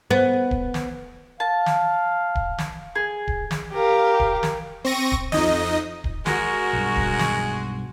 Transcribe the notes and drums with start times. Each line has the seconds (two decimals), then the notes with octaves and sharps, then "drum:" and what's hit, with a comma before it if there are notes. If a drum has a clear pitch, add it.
0.11 B3
0.51 drum: kick D1
0.74 drum: snare
1.40 F5 A5
1.66 drum: snare
2.35 drum: kick D1
2.58 drum: snare
2.95 G#4
3.28 drum: kick D1
3.51 drum: snare
3.73 G4 A#4 F5
4.20 drum: kick D1
4.43 drum: snare
4.85 C4 C#6 A#6 D#7
5.12 drum: kick D1
5.32 F2 D#4 D#5, drum: snare
6.04 drum: kick D1
6.26 G#3 F#4 A#4, drum: snare
6.73 B1 G2
6.96 drum: kick D1
7.19 drum: snare